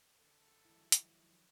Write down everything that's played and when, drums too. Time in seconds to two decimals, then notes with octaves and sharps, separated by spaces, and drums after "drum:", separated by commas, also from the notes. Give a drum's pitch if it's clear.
0.19 D3 A4
0.65 D#3 F3 F#3 G#3 E4
0.92 drum: hi-hat